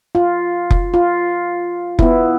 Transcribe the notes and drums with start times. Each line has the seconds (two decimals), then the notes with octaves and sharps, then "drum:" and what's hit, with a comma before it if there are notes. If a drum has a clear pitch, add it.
0.15 F4
0.71 drum: kick F1
0.94 F4
1.99 B3 E4, drum: kick F1